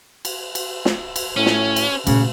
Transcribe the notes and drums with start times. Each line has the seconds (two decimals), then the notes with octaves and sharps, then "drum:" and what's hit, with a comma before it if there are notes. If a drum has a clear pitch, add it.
0.25 drum: cymbal
0.55 drum: cymbal
0.85 drum: snare
1.16 drum: cymbal
1.37 A2 C#4
1.46 drum: snare
1.76 drum: cymbal
2.07 A#2 C#3 A3, drum: cymbal